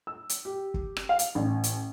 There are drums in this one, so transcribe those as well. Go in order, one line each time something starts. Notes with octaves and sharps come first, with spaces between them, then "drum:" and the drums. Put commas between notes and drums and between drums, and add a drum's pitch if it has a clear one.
E6
drum: hi-hat
G4
drum: kick
drum: rim click
F5
drum: hi-hat
A1
drum: hi-hat